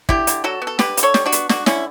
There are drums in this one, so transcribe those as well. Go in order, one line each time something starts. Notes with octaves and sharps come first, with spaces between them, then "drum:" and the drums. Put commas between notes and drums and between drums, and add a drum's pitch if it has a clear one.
D3 E4 G4, drum: kick
D3, drum: hi-hat
F#3 F#4 A4
B3
A4
D3 G4 B4, drum: snare
D3, drum: hi-hat
A4 C#5
G3, drum: snare
D4 F#4
B3, drum: hi-hat
D3 D4 F#4, drum: snare
D3 C#4 E4, drum: snare